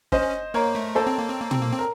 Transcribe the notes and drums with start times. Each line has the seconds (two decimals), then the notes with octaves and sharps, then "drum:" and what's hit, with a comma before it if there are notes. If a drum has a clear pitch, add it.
0.12 C#4 C5 D#5, drum: kick
0.54 A#3 A#4 C#5
0.75 A3
0.95 A#3 A4 C5
1.07 C4
1.18 A#3
1.29 C4
1.41 A#3
1.51 C4, drum: tom
1.62 A#3
1.73 C4
1.79 A#4